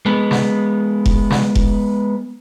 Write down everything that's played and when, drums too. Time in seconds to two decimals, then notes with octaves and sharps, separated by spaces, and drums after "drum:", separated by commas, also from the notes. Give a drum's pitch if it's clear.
0.06 G#3 B3
0.31 drum: snare
1.06 drum: kick F1
1.30 drum: snare
1.55 drum: kick F1